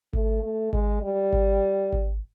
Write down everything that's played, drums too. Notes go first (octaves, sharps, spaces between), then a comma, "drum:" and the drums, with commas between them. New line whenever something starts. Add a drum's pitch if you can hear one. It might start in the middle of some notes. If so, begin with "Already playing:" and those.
A3, drum: kick G#1
A3
G#3, drum: kick G#1
G3
drum: kick G#1
drum: kick G#1